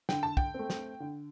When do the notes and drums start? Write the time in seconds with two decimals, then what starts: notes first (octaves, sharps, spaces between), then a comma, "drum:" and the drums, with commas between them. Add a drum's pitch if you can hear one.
0.09 D3 G5, drum: snare
0.23 A5
0.37 G5, drum: kick
0.54 A3 C4
0.70 drum: snare
1.00 D3